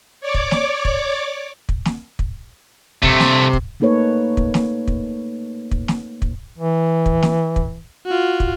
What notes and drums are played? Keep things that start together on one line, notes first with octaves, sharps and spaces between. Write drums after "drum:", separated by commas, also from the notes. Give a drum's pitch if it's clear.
C#5 D5 D6
drum: kick
drum: snare
drum: kick
drum: kick
drum: snare
drum: kick
G2 C3 A3, drum: kick
drum: snare
drum: kick
A3 A#3 D#4 A4 B4 C#5
drum: kick
drum: snare
drum: kick
drum: kick
drum: snare
drum: kick
E3
drum: kick
drum: snare
drum: kick
F4 F#4
drum: kick